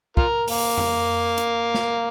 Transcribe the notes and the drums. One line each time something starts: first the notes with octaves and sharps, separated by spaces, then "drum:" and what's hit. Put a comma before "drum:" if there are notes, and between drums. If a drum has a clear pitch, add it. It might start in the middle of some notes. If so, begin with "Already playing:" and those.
F4 A#4, drum: kick
A#3, drum: open hi-hat
drum: tom F2
drum: hi-hat
drum: snare